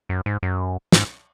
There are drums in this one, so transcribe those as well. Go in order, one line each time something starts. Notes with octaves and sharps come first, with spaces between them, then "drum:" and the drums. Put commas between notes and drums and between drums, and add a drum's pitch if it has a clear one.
F#2
G#2
F#2
G#2, drum: snare